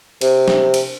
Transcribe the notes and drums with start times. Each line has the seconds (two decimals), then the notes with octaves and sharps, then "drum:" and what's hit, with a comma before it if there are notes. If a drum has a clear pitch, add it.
0.21 C3, drum: cymbal
0.48 drum: snare
0.74 drum: cymbal